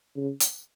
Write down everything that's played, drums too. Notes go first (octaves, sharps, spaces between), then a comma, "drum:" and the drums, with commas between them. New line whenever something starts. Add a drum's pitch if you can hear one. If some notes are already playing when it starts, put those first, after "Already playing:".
C#3
drum: hi-hat